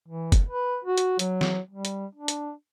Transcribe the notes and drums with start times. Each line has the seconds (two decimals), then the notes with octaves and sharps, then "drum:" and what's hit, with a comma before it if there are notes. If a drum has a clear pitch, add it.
0.08 E3
0.32 drum: kick F#1, hi-hat
0.49 B4
0.84 F#4
0.98 drum: hi-hat
1.19 F#3, drum: hi-hat
1.41 drum: snare
1.71 G3
1.85 drum: hi-hat
2.15 D4
2.28 drum: hi-hat